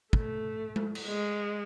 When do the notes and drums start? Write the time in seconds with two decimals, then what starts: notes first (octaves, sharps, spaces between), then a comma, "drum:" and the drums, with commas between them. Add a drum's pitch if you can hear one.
0.13 A3, drum: kick
0.76 drum: tom G#3
0.95 drum: cymbal
1.06 G#3